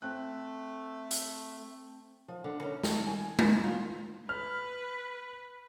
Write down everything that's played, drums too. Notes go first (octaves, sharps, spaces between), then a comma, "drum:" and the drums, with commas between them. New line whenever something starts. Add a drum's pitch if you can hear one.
A3 C4 G5 F#6
drum: hi-hat
F3
D3
C#4
A5, drum: snare
G#5
D#4, drum: tom G#3
F4
B4 F6